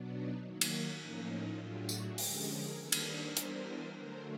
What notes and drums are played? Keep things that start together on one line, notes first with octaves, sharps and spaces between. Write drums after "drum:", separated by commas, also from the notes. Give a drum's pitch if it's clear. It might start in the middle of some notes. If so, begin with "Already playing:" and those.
Already playing: B2 F#3 B3 D4
D#4
D#3 F#3 A#3
drum: cymbal
A2 F3 A#3 C#4 D#4
D#4 F4
A2 F#3 A3 D4 F4 G4
F#4 G#4, drum: tambourine
D3 F3 G#3 C#4 G4 A4, drum: open hi-hat
G#4 A#4
D#3 G3 A#3 D4 A4 B4
drum: cymbal
A#4 C5
E3 G3 B3 D4, drum: hi-hat
D3 F#3 A3 A#4 C5